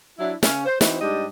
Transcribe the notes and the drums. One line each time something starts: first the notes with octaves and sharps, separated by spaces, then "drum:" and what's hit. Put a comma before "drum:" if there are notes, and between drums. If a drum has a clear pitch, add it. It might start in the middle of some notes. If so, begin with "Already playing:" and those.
F#3 D4 E4
C#3 C#4, drum: snare
C5
E3 C4 D#4 F#4 C5, drum: snare
G#2 G3 D4 G4 D#5